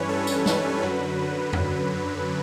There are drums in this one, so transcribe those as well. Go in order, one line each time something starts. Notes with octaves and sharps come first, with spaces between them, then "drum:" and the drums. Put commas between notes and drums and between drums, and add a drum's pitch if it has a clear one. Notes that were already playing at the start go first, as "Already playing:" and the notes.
Already playing: G2 E3 G3 C#4 B4 C#5
A4
drum: tambourine
B4, drum: snare
F#2 D3 F#3
drum: tom E2